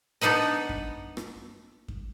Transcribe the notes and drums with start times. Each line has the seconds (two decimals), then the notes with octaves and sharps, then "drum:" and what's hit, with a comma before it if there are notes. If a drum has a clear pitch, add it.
0.21 B3 D4 D#4 B4 D#5
0.69 drum: kick F#2
1.17 drum: rim click
1.88 drum: kick F#2